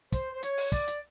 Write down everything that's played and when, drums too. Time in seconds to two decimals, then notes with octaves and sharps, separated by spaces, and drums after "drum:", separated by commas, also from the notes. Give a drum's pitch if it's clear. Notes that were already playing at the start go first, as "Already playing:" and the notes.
0.12 C5, drum: kick, hi-hat
0.34 C5
0.43 C#5, drum: hi-hat
0.57 drum: open hi-hat
0.72 D5, drum: kick, hi-hat
0.87 drum: hi-hat